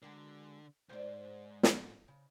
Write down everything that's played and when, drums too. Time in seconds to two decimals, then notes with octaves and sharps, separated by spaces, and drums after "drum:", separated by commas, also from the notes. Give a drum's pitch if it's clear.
0.02 D3 G#3 F#4 A#4
0.89 C#2 G#2 C5 D5
1.63 drum: snare
2.08 C#3